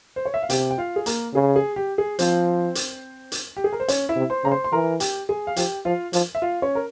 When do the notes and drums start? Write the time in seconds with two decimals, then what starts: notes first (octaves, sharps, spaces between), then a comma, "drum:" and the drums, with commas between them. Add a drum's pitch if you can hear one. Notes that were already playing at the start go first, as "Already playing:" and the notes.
0.16 C5
0.25 C#5
0.34 E5
0.42 F5
0.50 C3 G4 G5, drum: hi-hat
0.71 G5
0.78 F4 F5
0.96 G#4
1.06 A#3 A#4, drum: hi-hat
1.34 C#3 G#4
1.56 G#4
1.76 G4
1.98 G#4
2.19 F3 C4 C5, drum: hi-hat
2.75 drum: hi-hat
3.32 drum: hi-hat
3.57 G4
3.64 G#4
3.73 A#4
3.80 C5
3.88 C#4 C#5, drum: hi-hat
4.09 E4 E5
4.16 C3
4.30 C5 C6
4.44 C#3 A#5
4.51 C5 C6
4.64 C6
4.72 E3 A#4 A#5
5.00 G4 G5, drum: hi-hat
5.29 G#4 G#5
5.47 F5
5.56 F3 G4 G5, drum: hi-hat
5.85 F3 F4 F5
6.13 F3, drum: hi-hat
6.35 E5
6.42 F4 F5
6.62 C#4 C#5
6.75 A#4